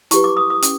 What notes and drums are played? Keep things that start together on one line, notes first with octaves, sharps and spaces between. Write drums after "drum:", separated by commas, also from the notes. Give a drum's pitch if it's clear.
E4 G4 B4 C#6, drum: hi-hat
D6
D#6
D#6
C#4, drum: hi-hat